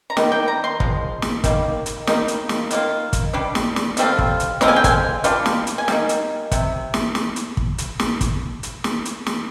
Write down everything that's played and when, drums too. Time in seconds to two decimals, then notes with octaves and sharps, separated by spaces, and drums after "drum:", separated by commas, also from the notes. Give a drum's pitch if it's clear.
0.10 A#5
0.17 D#3 G3, drum: snare
0.32 G5
0.48 A#5
0.64 C6
0.80 F3 G#3, drum: kick
1.22 drum: snare
1.44 D#3 G3 A#3, drum: kick, hi-hat
1.86 drum: hi-hat
2.07 G3 A#3 D#4, drum: snare
2.28 drum: hi-hat
2.49 drum: snare
2.71 D#3 A#3 F4, drum: hi-hat
3.13 drum: kick, hi-hat
3.33 G3 D4
3.55 drum: snare
3.76 drum: snare
3.97 D3 G3 C4 F4, drum: hi-hat
4.19 drum: kick
4.40 drum: hi-hat
4.61 D3 G#3 C4 F4 A#5, drum: snare
4.68 G#5
4.76 G5
4.84 G#5, drum: kick, hi-hat
5.24 G3 D4 F4, drum: hi-hat
5.46 drum: snare
5.67 drum: hi-hat
5.78 G#5
5.88 G3 A#3 D#4, drum: snare
6.09 drum: hi-hat
6.51 C3, drum: kick, hi-hat
6.94 drum: snare
7.15 drum: snare
7.36 drum: hi-hat
7.57 drum: kick
7.78 drum: hi-hat
8.00 drum: snare
8.21 drum: kick, hi-hat
8.63 drum: hi-hat
8.84 drum: snare
9.05 drum: hi-hat
9.26 drum: snare